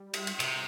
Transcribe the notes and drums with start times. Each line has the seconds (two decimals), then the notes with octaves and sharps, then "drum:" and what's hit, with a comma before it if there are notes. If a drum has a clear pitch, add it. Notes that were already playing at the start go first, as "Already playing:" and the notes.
Already playing: G3
0.14 drum: cymbal
0.27 drum: cymbal
0.40 C3, drum: cymbal